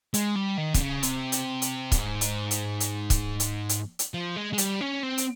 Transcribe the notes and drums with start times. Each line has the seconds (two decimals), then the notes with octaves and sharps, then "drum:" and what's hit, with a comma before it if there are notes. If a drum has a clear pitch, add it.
0.14 G#3, drum: hi-hat
0.36 G3
0.58 D#3
0.74 C3, drum: kick, hi-hat
0.80 C#3
1.03 C3, drum: hi-hat
1.32 drum: hi-hat
1.62 drum: hi-hat
1.92 G#2, drum: kick, hi-hat
2.21 drum: hi-hat
2.51 drum: hi-hat
2.80 drum: hi-hat
3.10 drum: kick, hi-hat
3.40 drum: hi-hat
3.69 drum: hi-hat
3.99 drum: hi-hat
4.14 F3
4.36 G#3
4.53 G#3
4.58 G3, drum: hi-hat
4.81 C#4
5.03 C4
5.18 drum: hi-hat